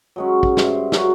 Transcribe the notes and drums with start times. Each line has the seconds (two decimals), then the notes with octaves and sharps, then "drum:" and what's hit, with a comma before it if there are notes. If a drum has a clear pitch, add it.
0.16 F#3 G#3 C#4
0.43 drum: kick
0.57 G2 C5 E5, drum: snare
0.92 C#3 F#3 F#4 A#4, drum: snare